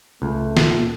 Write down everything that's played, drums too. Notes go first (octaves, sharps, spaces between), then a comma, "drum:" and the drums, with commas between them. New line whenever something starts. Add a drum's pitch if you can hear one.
C#2 A3
A#2, drum: snare